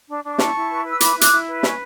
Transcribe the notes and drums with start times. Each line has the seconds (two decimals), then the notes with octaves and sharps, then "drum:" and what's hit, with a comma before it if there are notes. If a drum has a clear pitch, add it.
0.08 D4
0.24 D4
0.33 D6
0.38 E4 A5 C#6, drum: snare
0.55 E4
0.70 B4
0.85 B4
0.91 E6
1.00 E4 B5 D6, drum: hi-hat
1.16 E4
1.21 D6 F#6, drum: hi-hat
1.31 E4
1.48 B4
1.63 C#4, drum: snare